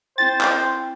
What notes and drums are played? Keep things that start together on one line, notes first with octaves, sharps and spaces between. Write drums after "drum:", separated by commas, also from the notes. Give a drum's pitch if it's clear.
C4 E4 C5 G5 A6
drum: clap